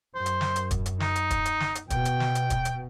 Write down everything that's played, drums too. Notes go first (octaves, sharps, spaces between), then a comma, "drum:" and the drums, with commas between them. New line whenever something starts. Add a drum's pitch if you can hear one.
F#2 C5
drum: hi-hat
drum: snare
drum: hi-hat
drum: kick, hi-hat
drum: hi-hat
D#4, drum: snare
drum: hi-hat
drum: kick, hi-hat
drum: hi-hat
drum: snare
drum: hi-hat
B2 G5, drum: kick, hi-hat
drum: hi-hat
drum: snare
drum: hi-hat
drum: kick, hi-hat
drum: hi-hat